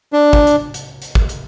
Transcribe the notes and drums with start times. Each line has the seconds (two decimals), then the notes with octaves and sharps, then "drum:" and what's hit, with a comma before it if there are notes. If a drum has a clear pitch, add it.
0.13 D4
0.33 drum: kick
0.47 drum: hi-hat
0.74 drum: hi-hat
1.02 drum: hi-hat
1.15 drum: kick
1.29 drum: hi-hat